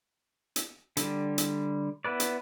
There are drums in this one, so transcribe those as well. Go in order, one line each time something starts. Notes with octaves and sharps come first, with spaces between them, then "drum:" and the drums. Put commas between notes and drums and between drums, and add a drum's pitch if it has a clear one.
drum: hi-hat
D3 G3, drum: hi-hat
drum: hi-hat
B3 E4 B4 D5
drum: hi-hat